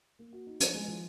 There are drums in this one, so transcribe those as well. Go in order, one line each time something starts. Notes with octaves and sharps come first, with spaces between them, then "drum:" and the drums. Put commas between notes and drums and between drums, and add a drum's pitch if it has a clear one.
A#3
F#4
D#4
F3, drum: hi-hat
G#3
F3